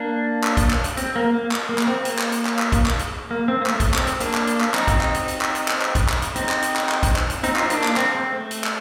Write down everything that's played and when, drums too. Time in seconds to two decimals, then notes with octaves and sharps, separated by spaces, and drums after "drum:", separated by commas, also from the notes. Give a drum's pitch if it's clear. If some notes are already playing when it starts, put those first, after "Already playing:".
Already playing: A#3 D4
0.44 drum: clap
0.57 drum: kick, hi-hat
0.71 drum: clap
0.84 drum: hi-hat
0.97 C4, drum: hi-hat
1.16 A#3
1.33 A#3
1.51 drum: clap
1.69 A#3
1.78 drum: clap
1.87 C4
2.05 A#3, drum: hi-hat
2.19 drum: clap
2.32 drum: hi-hat
2.45 drum: clap
2.59 drum: clap
2.72 drum: kick, hi-hat
2.86 drum: clap
2.99 drum: hi-hat
3.31 A#3
3.48 C4
3.61 A#3
3.66 A3, drum: clap
3.80 drum: kick, hi-hat
3.94 C4, drum: clap
4.07 drum: hi-hat
4.20 A#3 D4, drum: hi-hat
4.34 drum: clap
4.47 drum: hi-hat
4.61 drum: clap
4.74 C4 D#4, drum: clap
4.88 drum: kick, hi-hat
5.01 drum: clap
5.14 drum: hi-hat
5.28 drum: hi-hat
5.41 drum: clap
5.55 drum: hi-hat
5.68 drum: clap
5.82 drum: clap
5.95 drum: kick, hi-hat
6.09 drum: clap
6.22 drum: hi-hat
6.36 C4 D#4, drum: hi-hat
6.49 drum: clap
6.62 drum: hi-hat
6.76 drum: clap
6.89 drum: clap
7.03 drum: kick, hi-hat
7.16 drum: clap
7.30 drum: hi-hat
7.43 C4 D#4, drum: hi-hat
7.56 F4, drum: clap
7.63 D#4
7.70 A#3 D4, drum: hi-hat
7.83 drum: clap
7.96 C4, drum: clap
8.15 C4
8.33 A3
8.51 drum: hi-hat
8.64 drum: clap